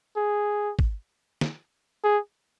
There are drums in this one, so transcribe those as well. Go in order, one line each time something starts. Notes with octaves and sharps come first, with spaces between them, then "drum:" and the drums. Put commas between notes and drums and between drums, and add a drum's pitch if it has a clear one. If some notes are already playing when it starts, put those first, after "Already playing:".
G#4
drum: kick
drum: snare
G#4